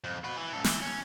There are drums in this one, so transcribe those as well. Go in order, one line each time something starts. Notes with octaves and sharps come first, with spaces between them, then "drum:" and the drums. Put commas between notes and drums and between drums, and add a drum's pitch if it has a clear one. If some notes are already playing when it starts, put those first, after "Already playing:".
F2
F#4 B4
E3
C#2 A4
E3, drum: snare
C#4